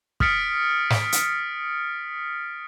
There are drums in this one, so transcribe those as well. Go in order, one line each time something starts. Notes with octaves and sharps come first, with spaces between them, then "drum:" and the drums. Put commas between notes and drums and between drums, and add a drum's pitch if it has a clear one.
D#6 F6 A6 B6 C#7 D7, drum: kick
drum: snare
drum: hi-hat